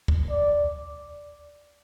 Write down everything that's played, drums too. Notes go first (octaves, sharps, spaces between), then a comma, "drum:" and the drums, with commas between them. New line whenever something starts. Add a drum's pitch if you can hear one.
drum: kick
D5